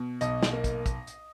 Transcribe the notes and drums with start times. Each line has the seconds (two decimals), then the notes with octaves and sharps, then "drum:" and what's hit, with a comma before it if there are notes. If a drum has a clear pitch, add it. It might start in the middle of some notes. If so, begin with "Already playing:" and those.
Already playing: B2
0.21 B1 D#5, drum: hi-hat
0.43 drum: snare
0.53 A#3
0.64 drum: kick, hi-hat
0.86 drum: kick, hi-hat
1.07 drum: hi-hat